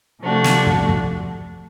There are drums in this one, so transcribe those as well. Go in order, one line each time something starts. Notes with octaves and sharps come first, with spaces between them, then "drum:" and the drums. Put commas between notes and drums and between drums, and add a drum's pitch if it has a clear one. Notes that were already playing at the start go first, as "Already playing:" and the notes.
C3 F3 A3 D4 F#4
drum: snare
drum: kick
drum: kick